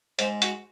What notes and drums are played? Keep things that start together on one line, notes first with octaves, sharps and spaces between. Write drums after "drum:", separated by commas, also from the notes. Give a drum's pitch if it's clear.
G#2 C5, drum: hi-hat
F#4, drum: hi-hat